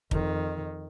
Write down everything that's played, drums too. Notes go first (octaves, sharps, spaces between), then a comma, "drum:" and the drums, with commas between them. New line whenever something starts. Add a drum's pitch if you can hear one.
F2 D#3, drum: kick